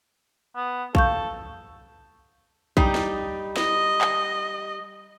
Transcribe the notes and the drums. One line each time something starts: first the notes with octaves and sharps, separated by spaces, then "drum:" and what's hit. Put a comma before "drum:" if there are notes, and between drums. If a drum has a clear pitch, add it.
B3
A4 F5 C#6 G6, drum: kick A#1
G3 D#4, drum: kick A#1
drum: snare
D#5, drum: snare
drum: clap